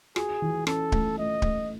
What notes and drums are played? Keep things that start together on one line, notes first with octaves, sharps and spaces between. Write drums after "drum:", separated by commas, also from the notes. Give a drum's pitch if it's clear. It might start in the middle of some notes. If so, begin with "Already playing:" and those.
F#4 G#4, drum: rim click
E3
C#4 A4, drum: rim click
A3, drum: kick D1
A3 D#5
A3, drum: kick D1